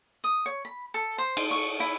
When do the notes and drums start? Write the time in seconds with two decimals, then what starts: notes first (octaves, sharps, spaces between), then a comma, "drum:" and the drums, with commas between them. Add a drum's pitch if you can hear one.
0.24 D#6
0.46 C#5
0.65 B5
0.94 A4
1.18 C5
1.37 drum: cymbal
1.51 C#6
1.80 E4